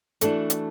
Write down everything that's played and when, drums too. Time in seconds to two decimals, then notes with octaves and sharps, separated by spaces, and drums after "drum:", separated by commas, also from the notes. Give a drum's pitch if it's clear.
0.21 E3 A3 D4 F#4 A4, drum: hi-hat
0.50 drum: hi-hat